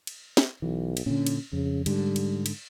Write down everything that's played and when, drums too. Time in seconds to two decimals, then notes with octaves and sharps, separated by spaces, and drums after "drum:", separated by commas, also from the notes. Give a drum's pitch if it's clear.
0.07 drum: cymbal
0.37 drum: snare
0.62 B1 E3
0.97 drum: cymbal
1.06 A#2 D3 C#4
1.27 drum: cymbal
1.53 F2 C#3
1.86 G#2 D3 G3, drum: cymbal
2.16 drum: cymbal
2.46 drum: cymbal